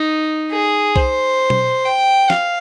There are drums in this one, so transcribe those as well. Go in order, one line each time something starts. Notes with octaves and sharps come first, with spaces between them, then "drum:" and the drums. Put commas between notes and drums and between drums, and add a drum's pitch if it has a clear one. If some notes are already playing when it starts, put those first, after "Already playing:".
Already playing: D#4
G#4
C5, drum: kick C2
drum: tom B2
G5
F5, drum: snare